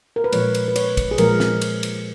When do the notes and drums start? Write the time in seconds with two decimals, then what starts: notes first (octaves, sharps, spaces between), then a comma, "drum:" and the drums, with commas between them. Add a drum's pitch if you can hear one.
0.16 A#4
0.24 B4
0.33 A#2 F3 G#3 C#5, drum: cymbal
0.55 drum: cymbal
0.68 B4
0.76 C#5, drum: cymbal
0.97 drum: kick, cymbal
1.11 G#4
1.18 A#2 F3 G#3 A#4, drum: cymbal
1.40 drum: snare
1.62 drum: cymbal
1.83 drum: cymbal